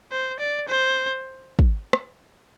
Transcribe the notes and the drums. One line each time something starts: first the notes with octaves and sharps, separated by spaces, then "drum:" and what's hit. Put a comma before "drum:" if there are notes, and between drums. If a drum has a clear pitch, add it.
C5
D5
C5
drum: kick
drum: rim click